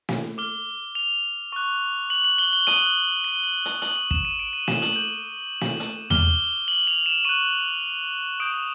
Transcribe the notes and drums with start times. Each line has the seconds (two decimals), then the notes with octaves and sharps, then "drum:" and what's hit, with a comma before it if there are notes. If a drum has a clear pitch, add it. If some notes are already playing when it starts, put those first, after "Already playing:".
0.09 drum: snare
0.38 D6 F6 G7
0.95 F7
1.52 C#6 F#6
2.10 F#7
2.24 F#7
2.38 G7
2.53 G7
2.67 D#6 F#6 D#7, drum: hi-hat
3.24 G7
3.44 F#7
3.65 drum: hi-hat
3.82 D#6 F#6 F#7, drum: hi-hat
3.96 F#7
4.11 E7, drum: kick
4.25 D#7
4.39 D7
4.53 D#7
4.68 E7, drum: snare
4.82 F#7, drum: hi-hat
4.96 D6 G6
5.61 drum: snare
5.80 drum: hi-hat
6.10 D6 F6 G7, drum: tom E2
6.68 F#7
6.87 F7
7.06 E7
7.25 C#6 F#6 D#7
8.40 D#6 G6 D7
8.54 E7